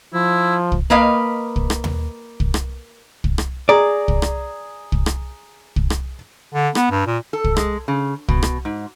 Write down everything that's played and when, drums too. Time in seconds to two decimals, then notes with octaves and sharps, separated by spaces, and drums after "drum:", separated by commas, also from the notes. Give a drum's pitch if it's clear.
0.14 F3 E4
0.72 drum: kick
0.90 A#3 B4 D#5 F5
1.56 drum: kick
1.70 drum: rim click
1.84 drum: tom D#2
2.40 drum: kick
2.54 drum: rim click
3.24 drum: kick
3.38 drum: rim click
3.69 G#4 D5 A#5
4.08 drum: kick
4.22 drum: rim click
4.92 drum: kick
5.06 drum: rim click
5.76 drum: kick
5.90 drum: rim click
6.54 D3
6.75 B3, drum: rim click
6.91 G2
7.07 A#2
7.33 A4
7.44 drum: kick
7.57 G#3, drum: rim click
7.88 C#3
8.28 B2, drum: kick
8.43 drum: rim click
8.65 G#2